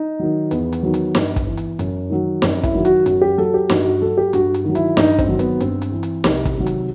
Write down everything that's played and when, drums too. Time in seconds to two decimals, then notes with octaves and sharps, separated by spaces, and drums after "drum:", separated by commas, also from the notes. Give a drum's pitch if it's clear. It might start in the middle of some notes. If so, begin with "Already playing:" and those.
Already playing: D#4
0.20 D#3 F#3
0.51 E2 B3, drum: hi-hat
0.73 drum: hi-hat
0.83 D#3 F#3
0.94 drum: hi-hat
1.15 G2, drum: snare
1.36 drum: kick, hi-hat
1.47 E3
1.57 drum: hi-hat
1.79 F#2, drum: hi-hat
2.10 D#3 F#3
2.42 F#2 C4, drum: snare
2.63 E4, drum: kick, hi-hat
2.74 D#3 F#3
2.85 F#4, drum: hi-hat
3.06 F#2 F#4, drum: hi-hat
3.22 G4
3.38 F#3 A4
3.54 G4
3.70 G2 F#4, drum: snare
3.86 F#4
4.02 F#3 A4
4.18 G4
4.33 G2 F#4, drum: hi-hat
4.54 drum: hi-hat
4.64 D#3 F#3
4.75 E4, drum: hi-hat
4.97 G2 D#4, drum: snare
5.18 C4, drum: kick, hi-hat
5.29 D#3 F#3
5.39 B3, drum: hi-hat
5.61 G2 C4, drum: hi-hat
5.82 drum: hi-hat
5.92 E3
6.03 drum: hi-hat
6.24 C2, drum: snare
6.45 drum: kick, hi-hat
6.55 C3 D#3 F#3
6.67 drum: hi-hat